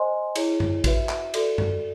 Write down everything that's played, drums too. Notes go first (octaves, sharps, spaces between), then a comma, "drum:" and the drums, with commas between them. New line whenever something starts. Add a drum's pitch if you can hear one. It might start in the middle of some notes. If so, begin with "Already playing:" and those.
Already playing: C5 D#5 G#5 C6
E4 G#4 C#5, drum: cymbal
drum: tom F#2
F#4 B4 E5, drum: kick A1, cymbal
drum: clap
F#4 A4 D5, drum: cymbal
drum: tom F#2